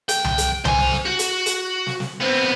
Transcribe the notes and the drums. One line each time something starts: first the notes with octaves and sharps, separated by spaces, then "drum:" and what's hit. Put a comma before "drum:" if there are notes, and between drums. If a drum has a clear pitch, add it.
B1 G5, drum: hi-hat
drum: tom C2
drum: hi-hat
C5 G#5, drum: tom C2
drum: snare
drum: snare
F#4
drum: hi-hat
drum: hi-hat
drum: snare
drum: snare
B3 C4